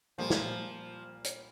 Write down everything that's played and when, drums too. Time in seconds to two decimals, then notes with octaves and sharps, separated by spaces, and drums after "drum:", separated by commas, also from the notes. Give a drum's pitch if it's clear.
0.18 A#2 F3 G3 A#3 F4
0.30 drum: snare
1.24 drum: hi-hat